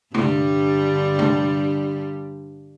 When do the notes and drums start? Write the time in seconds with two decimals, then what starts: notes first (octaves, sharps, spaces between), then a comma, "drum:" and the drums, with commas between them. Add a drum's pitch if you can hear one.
0.14 G2 D3 G3, drum: tom
1.19 drum: tom